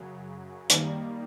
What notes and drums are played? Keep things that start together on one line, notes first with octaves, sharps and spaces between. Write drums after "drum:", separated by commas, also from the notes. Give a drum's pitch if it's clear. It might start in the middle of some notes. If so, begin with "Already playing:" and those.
Already playing: F#2 C#3 F#3
D#3 G3 A#3, drum: hi-hat